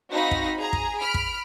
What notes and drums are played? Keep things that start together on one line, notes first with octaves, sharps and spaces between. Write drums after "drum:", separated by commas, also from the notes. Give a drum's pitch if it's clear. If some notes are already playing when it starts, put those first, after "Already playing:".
C4 D#4 F#4 F5 B5 A#6
drum: kick
G#4 A#5
drum: kick
B5 F6 D7
drum: kick